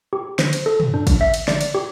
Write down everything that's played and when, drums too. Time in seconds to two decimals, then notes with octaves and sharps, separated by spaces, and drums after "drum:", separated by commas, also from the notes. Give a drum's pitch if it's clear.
0.13 G4
0.39 C5, drum: snare
0.53 drum: cymbal
0.66 A4
0.80 drum: tom
0.94 D4
1.07 drum: kick, cymbal
1.21 E5
1.34 drum: cymbal
1.48 D5, drum: snare
1.61 drum: cymbal
1.75 G4